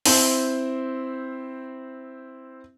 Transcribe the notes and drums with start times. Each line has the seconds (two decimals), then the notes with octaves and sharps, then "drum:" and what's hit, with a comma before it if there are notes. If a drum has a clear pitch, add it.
0.05 C4 E4 C5, drum: open hi-hat